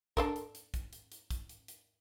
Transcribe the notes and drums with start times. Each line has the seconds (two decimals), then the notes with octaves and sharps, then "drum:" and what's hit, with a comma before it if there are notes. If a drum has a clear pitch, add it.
0.17 D4 A4 A#4, drum: kick, hi-hat
0.36 drum: hi-hat
0.55 drum: hi-hat
0.74 drum: kick, hi-hat
0.93 drum: hi-hat
1.12 drum: hi-hat
1.30 drum: kick, hi-hat
1.49 drum: hi-hat
1.68 drum: hi-hat